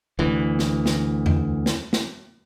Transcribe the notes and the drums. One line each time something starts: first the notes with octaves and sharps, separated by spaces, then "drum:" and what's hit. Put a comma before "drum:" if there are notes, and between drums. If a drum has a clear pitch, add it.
D2 E3, drum: tom C3
drum: snare
drum: snare
drum: tom E2
drum: snare
drum: snare